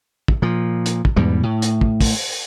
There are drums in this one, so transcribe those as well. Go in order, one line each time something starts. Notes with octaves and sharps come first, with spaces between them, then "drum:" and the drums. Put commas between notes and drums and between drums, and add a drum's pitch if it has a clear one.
drum: kick
A#2 F3
drum: hi-hat
drum: kick
E2 G#2 B2 G3
A2
drum: hi-hat
drum: kick
drum: kick, open hi-hat